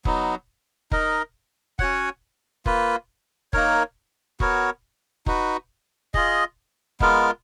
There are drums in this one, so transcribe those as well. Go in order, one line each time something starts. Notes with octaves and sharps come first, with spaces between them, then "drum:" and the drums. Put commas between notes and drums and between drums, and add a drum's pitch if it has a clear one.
F#3 B3 D#4, drum: kick
D#4 A#4 D#5, drum: kick
C#4 F#4 C#5 F#5, drum: kick
A#3 F4 B4, drum: kick
A#3 D#4 A#4 C#5, drum: kick
B3 F#4 A#4 C#5, drum: kick
D#4 F#4 B4, drum: kick
F4 G#4 D#5, drum: kick
G#3 B3 F4 A#4, drum: kick